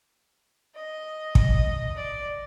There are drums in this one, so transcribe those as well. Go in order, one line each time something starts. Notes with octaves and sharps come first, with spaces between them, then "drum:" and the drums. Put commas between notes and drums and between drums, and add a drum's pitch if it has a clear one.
D#5
D#5, drum: kick
D5